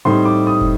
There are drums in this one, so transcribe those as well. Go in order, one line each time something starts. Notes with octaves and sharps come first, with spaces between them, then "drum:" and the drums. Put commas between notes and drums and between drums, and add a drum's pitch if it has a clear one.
A2 G3 C4 D#4 C6
D6
D#6
drum: kick